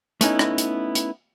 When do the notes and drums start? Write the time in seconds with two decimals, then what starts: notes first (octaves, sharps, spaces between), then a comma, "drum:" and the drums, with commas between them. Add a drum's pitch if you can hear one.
0.21 A3 B3 C#4 D#4 E4, drum: hi-hat
0.39 drum: rim click
0.58 drum: hi-hat
0.95 drum: hi-hat